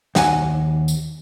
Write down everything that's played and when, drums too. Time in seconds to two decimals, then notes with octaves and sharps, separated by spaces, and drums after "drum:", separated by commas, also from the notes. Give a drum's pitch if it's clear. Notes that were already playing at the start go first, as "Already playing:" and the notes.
0.15 D#2 F#5 G#5, drum: snare
0.88 drum: tambourine